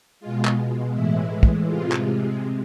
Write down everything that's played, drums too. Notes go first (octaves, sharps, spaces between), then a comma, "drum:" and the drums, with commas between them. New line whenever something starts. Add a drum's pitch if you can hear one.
B2 G#3 F4
drum: clap
A2 E3 G#3 E4
drum: kick
C3 G#3 F4
drum: clap